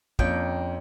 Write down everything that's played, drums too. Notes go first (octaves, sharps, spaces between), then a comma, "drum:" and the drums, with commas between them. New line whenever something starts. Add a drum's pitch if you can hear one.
F2 A#3 C#4 D4 G5, drum: kick